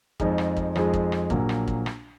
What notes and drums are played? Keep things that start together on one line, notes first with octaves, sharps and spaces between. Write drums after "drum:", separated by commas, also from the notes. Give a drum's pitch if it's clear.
F2 F3 G#3 D#4 G#4, drum: kick
drum: rim click
drum: kick
F2 F3 G#3 D#4 G#4, drum: rim click
drum: kick
drum: rim click
A#1 A#2 F#3 A#3, drum: kick
drum: rim click
drum: kick
drum: rim click